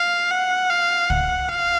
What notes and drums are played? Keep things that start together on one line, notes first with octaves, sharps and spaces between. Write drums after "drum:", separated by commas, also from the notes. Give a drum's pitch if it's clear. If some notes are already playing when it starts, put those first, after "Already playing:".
Already playing: F5
F#5
F5
F#5, drum: kick
F5